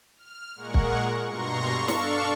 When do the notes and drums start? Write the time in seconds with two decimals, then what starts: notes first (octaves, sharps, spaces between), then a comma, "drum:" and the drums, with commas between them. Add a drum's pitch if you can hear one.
0.16 F6
0.55 A#2 G#3 A#4 F#5 C#6
0.74 drum: kick
1.26 G2 B2 A#5 C6 C#6 A#6
1.73 D4 A4 F5 C#6
1.88 drum: snare